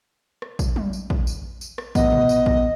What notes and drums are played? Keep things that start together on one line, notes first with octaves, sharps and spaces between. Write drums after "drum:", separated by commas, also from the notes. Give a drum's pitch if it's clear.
drum: rim click
drum: kick, tambourine
drum: tom F#3
drum: tambourine
drum: kick
drum: tambourine
drum: tambourine
drum: rim click
A1 B3 D#5, drum: kick, tambourine
drum: tom
drum: tambourine
drum: kick